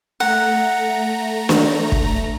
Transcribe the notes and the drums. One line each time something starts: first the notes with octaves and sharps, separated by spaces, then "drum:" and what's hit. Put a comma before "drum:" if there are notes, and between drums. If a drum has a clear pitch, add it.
A3 F#5 A#5
drum: snare
drum: kick